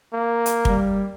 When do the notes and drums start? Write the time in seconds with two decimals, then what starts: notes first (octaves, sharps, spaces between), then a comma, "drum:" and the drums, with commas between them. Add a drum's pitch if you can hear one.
0.13 A#3
0.46 drum: hi-hat
0.65 G3, drum: kick